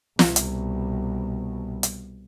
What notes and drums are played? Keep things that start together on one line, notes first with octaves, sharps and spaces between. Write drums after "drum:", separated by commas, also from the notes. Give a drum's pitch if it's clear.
C2 B2, drum: snare
drum: hi-hat
drum: hi-hat